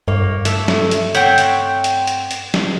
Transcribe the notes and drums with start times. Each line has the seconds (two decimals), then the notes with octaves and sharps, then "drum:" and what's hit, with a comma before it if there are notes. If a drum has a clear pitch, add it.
0.08 G2 A#3 C#5
0.45 A3 A4 E5, drum: hi-hat
0.68 drum: snare
0.91 drum: hi-hat
1.15 C4 C#5 E5 F#5 G5 G6, drum: hi-hat
1.38 drum: hi-hat
1.84 drum: hi-hat
2.07 drum: hi-hat
2.31 drum: hi-hat
2.54 drum: snare